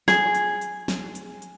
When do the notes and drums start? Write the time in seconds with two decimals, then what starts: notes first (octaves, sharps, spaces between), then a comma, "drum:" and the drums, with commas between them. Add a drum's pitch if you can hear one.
0.08 G#4, drum: snare
0.35 drum: hi-hat
0.61 drum: hi-hat
0.88 drum: snare
1.15 drum: hi-hat
1.42 drum: hi-hat